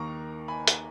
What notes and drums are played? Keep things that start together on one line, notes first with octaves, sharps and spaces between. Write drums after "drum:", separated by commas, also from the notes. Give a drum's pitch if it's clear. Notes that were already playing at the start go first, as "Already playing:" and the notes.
Already playing: D#2 D#3 A#3 A#5 C#6
G#5 B5
drum: hi-hat